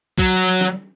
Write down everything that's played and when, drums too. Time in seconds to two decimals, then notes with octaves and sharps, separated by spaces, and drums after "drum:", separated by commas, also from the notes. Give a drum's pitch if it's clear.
0.19 F#3, drum: kick B1, hi-hat
0.40 drum: hi-hat
0.61 drum: snare